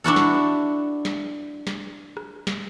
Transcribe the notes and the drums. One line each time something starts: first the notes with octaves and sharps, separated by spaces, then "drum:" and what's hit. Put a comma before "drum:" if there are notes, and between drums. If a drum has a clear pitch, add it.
D4 E4 F#4 A4
drum: snare
drum: snare
drum: snare
drum: rim click
drum: snare